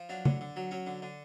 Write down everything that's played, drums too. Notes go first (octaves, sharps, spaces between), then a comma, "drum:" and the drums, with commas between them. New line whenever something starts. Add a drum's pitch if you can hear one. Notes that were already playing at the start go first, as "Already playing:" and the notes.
Already playing: F3
F#3 D4
D3, drum: tom
D3
F#3
F#3 C#4
D3
D3